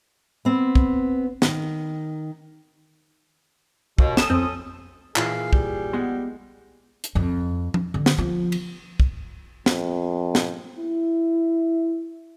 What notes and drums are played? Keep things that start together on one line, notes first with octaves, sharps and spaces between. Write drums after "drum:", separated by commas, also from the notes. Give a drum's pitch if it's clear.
B3 C4
drum: kick
D#3, drum: snare
D#2 B2, drum: kick
C#4 A4 D#6 E7, drum: snare
F2 C4
A#2 E3 G#4 F5, drum: clap
G3, drum: kick
G#3 B3 F#5 C6
drum: hi-hat
F2
drum: tom F3
D3
drum: snare
F3
drum: cymbal
drum: kick
F2, drum: snare
drum: snare
E4